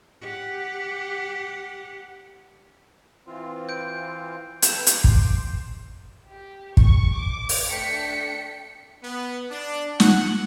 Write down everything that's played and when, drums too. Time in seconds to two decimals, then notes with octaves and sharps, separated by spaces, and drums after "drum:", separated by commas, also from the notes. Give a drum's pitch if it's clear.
0.21 G4 F#5
3.27 E3 C4 F4
3.69 G6 D7
4.62 A4 B4 G5 G6 E7, drum: hi-hat
4.87 C6 D6, drum: hi-hat
5.04 drum: kick
6.29 G4
6.77 C#6, drum: kick
7.15 D6
7.49 drum: open hi-hat
7.69 A3 D4 G5 B6 C#7
9.03 B3
9.51 D4
10.00 F#5, drum: snare